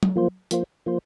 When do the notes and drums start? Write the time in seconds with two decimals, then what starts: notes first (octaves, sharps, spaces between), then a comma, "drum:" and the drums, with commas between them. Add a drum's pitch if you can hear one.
0.03 drum: tom F#3
0.16 F3 A#3 F4 C5
0.51 F3 A#3 F4 C5, drum: hi-hat
0.86 F3 A#3 F4 C5